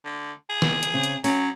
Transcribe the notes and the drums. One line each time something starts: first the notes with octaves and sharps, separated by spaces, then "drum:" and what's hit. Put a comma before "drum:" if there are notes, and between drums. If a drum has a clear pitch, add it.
D3
G#4
drum: snare
drum: hi-hat
C#3 C4
drum: hi-hat
F#3 C#4, drum: open hi-hat